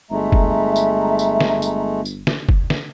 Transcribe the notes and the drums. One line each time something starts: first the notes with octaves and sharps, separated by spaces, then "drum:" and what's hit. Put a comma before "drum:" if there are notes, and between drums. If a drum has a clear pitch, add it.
G1 G#3 A3 E5 A#5
drum: kick F#1
drum: tambourine
drum: tambourine
drum: snare
drum: tambourine
drum: tambourine
drum: snare
drum: kick F#1
drum: snare